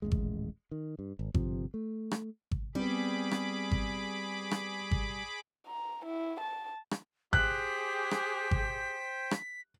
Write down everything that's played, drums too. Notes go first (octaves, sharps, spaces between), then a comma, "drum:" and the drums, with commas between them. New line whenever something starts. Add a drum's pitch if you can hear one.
D#1 A1 F#2 G#3
drum: kick G#1
D#3
G2
G#1
G1 C3 F3, drum: kick G#1
A3
drum: rim click
drum: kick G#1
G3 B3 C4 G#4 B5 D6
drum: rim click
drum: kick G#1
drum: rim click
drum: kick G#1
A#5
E4
A5
drum: rim click
G4 G#4 C5 G5 F#6 B6, drum: kick G#1
drum: rim click
drum: kick G#1
drum: rim click